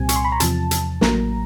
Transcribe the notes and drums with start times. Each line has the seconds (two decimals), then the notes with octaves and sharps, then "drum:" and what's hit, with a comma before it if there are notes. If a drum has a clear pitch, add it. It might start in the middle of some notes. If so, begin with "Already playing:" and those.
Already playing: C2 A#2 G3 C4 G#5
0.09 C#6, drum: hi-hat
0.16 C6
0.25 B5
0.32 A#5
0.40 E2 C3 F3 A5, drum: hi-hat
0.71 drum: hi-hat
1.01 A1 A2 F#3 A#3 A#5, drum: snare